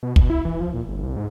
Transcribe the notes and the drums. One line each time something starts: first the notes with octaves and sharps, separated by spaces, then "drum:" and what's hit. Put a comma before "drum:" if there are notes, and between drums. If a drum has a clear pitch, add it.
B2
B2, drum: kick
E4
E3
F3
A#2
G1
C2
G#2